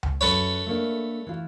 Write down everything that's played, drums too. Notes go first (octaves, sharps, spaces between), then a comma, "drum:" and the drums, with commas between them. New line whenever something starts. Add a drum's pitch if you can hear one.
drum: tom C#2
F#2 A4 B4 C#5
A3 A#3 D4
E3 F4